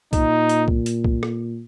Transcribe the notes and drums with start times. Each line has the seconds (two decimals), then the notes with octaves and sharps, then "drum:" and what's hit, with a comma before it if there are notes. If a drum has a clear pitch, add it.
0.13 A#2 D#4, drum: kick, hi-hat
0.49 drum: hi-hat
0.68 drum: kick
0.86 drum: hi-hat
1.04 drum: kick
1.23 drum: rim click